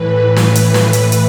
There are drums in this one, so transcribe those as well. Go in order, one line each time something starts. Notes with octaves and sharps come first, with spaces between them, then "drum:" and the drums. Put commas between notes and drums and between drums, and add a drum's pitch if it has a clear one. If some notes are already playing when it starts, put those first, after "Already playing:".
Already playing: A2 E3 B4
A2 E3, drum: snare
drum: hi-hat
drum: snare
drum: hi-hat
drum: hi-hat